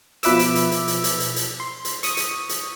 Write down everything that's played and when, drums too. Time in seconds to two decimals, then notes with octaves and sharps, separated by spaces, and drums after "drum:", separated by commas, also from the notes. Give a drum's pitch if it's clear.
0.23 B2 F3 B4 E5 D6 E6, drum: hi-hat
0.39 drum: hi-hat
0.55 drum: hi-hat
0.71 drum: hi-hat
0.88 drum: hi-hat
1.04 drum: hi-hat
1.20 drum: hi-hat
1.36 drum: hi-hat
1.60 C6
1.85 drum: hi-hat
2.03 C#6 D#6, drum: hi-hat
2.17 drum: hi-hat
2.49 drum: hi-hat